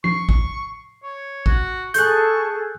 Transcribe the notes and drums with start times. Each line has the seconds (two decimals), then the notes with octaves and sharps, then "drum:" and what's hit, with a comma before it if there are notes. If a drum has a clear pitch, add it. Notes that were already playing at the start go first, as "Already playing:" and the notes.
0.04 C#6 C7, drum: tom F3
0.29 drum: kick
1.03 C#5
1.46 F#4, drum: kick
1.94 G#4 A4 C#6 F#6 G6, drum: hi-hat